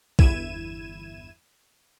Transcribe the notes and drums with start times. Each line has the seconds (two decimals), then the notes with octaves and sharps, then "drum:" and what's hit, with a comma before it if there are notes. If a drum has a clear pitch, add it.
0.19 G1 E2 E4 G#6 D#7 E7, drum: kick